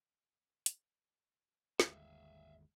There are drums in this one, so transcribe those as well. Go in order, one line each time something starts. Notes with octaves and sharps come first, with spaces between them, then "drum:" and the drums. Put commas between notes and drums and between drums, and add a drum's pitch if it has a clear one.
drum: hi-hat
G1 D#2 G#3 E5 F5, drum: snare